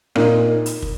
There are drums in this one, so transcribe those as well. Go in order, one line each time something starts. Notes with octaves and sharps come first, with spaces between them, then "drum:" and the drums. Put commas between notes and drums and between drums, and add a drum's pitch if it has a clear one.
A#2 A#3 D#4, drum: rim click
drum: hi-hat
drum: kick